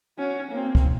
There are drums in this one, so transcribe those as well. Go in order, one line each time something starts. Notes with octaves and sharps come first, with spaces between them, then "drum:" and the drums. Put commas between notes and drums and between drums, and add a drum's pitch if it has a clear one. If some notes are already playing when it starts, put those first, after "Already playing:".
C#4 F#4
A#3 C4
drum: kick